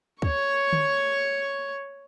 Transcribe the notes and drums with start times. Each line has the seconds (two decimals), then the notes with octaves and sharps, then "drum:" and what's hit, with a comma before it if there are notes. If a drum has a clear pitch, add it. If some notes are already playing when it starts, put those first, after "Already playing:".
0.22 C#5 C#6, drum: kick
0.73 drum: tom D3